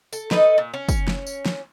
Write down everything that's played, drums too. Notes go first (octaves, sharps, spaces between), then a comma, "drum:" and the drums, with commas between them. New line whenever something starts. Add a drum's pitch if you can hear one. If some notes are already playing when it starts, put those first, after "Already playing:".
A4, drum: tambourine
D#4 A4 B4 D#5, drum: snare
A#2
C#4
drum: kick, tambourine
drum: snare
drum: tambourine
drum: snare